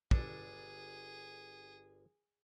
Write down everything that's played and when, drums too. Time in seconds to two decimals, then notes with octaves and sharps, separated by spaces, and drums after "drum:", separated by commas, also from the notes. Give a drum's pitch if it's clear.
0.11 G1 D4 G#4 A4, drum: kick